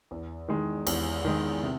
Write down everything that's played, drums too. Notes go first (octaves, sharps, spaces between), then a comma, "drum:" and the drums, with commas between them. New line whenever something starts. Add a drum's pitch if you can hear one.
E2
D#3 G#3
E2, drum: cymbal
D#3 G#3
C3